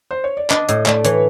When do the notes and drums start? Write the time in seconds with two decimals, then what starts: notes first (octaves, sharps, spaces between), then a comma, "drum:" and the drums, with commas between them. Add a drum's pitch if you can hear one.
0.11 C5
0.24 C#5
0.37 D5
0.50 D4 D#5, drum: clap
0.68 A2 D#5, drum: hi-hat
0.86 A3 D5, drum: clap
1.04 E3 C#5, drum: hi-hat